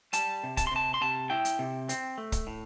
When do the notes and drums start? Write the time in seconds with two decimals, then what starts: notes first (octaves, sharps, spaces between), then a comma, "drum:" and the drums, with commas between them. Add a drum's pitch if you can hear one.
0.13 G3 A5, drum: hi-hat
0.43 C3
0.57 A5, drum: kick, hi-hat
0.67 C6
0.71 C3 A5
0.94 C6
1.01 C3 A5
1.30 E4 G5
1.45 drum: hi-hat
1.59 C3
1.89 C4, drum: hi-hat
2.18 A3
2.32 drum: kick, hi-hat
2.47 A2